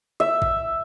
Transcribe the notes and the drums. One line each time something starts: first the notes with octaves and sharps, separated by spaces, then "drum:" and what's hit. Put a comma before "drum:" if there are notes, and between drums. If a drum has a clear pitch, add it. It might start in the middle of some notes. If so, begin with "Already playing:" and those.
E5
drum: kick